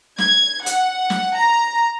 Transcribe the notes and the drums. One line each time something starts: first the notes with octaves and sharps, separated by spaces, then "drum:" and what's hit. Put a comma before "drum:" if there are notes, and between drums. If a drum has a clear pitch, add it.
G#6, drum: snare
F#5, drum: hi-hat
drum: snare
A#5